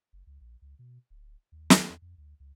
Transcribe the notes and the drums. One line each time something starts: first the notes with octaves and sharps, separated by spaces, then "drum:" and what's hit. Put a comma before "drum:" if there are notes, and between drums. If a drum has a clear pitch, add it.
F#1
C#2
A#1
C#2
B2
D1
D#2
drum: snare
E2
F2
D2
C#2